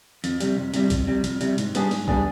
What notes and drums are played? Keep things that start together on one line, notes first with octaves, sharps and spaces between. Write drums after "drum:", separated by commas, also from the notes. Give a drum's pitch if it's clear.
F2, drum: hi-hat
C3 G3, drum: hi-hat
F2
C3 G3, drum: hi-hat
F2, drum: kick A#1, hi-hat
C3 G3
F2, drum: hi-hat
C3 G3, drum: hi-hat
G#2, drum: hi-hat
G3 B3 D4 G#4, drum: hi-hat
G#2, drum: open hi-hat
G3 B3 D4 G#4, drum: kick A#1